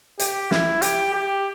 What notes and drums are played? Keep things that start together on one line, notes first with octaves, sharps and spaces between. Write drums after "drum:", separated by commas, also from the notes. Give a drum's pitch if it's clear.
G4, drum: hi-hat
E4, drum: snare
G4, drum: hi-hat
G4